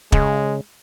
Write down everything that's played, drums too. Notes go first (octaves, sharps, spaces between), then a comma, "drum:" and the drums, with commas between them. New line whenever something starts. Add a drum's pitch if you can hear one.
C#3 G#3, drum: kick